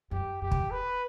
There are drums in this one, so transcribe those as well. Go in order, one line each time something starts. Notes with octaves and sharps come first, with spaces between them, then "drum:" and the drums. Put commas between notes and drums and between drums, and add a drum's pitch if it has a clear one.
F#2 G4
F#2 G4
drum: kick
B4